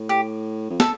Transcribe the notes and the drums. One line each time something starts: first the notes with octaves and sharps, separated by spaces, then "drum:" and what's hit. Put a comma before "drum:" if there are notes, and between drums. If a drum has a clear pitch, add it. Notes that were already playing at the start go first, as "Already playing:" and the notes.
Already playing: A2
G4
F2
A4, drum: snare